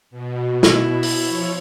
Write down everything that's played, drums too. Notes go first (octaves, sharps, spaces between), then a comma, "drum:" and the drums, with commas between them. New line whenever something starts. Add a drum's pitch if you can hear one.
B2
E4, drum: snare
drum: open hi-hat
F3 C#5